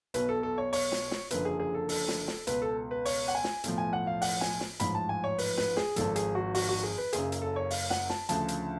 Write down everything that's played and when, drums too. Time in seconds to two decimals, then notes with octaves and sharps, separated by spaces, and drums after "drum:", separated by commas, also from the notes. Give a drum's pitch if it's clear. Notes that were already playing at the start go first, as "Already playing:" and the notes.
0.14 B1 B2 B4, drum: hi-hat
0.29 A4
0.43 A4
0.58 C#5
0.73 C#5, drum: open hi-hat
0.92 drum: snare
1.11 drum: snare
1.31 F#1 F#2 D3 F3 B4, drum: hi-hat
1.45 G#4
1.60 G#4
1.75 A4
1.89 A4, drum: open hi-hat
2.08 drum: snare
2.28 drum: snare
2.47 C#2 B2 B4, drum: hi-hat
2.62 A4
2.91 B4
3.05 C#5, drum: open hi-hat
3.28 F#5
3.35 G#5
3.44 drum: snare
3.64 B1 A2 F3, drum: hi-hat
3.78 G#5
3.93 F#5
4.07 F5
4.22 F#5, drum: open hi-hat
4.41 G#5, drum: snare
4.60 drum: snare
4.80 A1 G#2 F3 B5, drum: hi-hat
4.95 A5
5.09 G#5
5.24 C#5
5.38 B4, drum: open hi-hat
5.58 B4, drum: snare
5.77 G#4, drum: snare
5.96 G#1 G#2 F3 A4, drum: hi-hat
6.16 G#4, drum: hi-hat
6.35 F#4
6.55 F#4, drum: open hi-hat
6.69 F#4
6.83 G#4
6.98 B4
7.13 F#1 F#2 C#3 G#4, drum: hi-hat
7.32 drum: hi-hat
7.42 A4
7.56 C#5
7.71 F5, drum: open hi-hat
7.90 F#5, drum: snare
8.10 A5, drum: snare
8.29 D2 C#3 F3 A5, drum: hi-hat
8.48 drum: hi-hat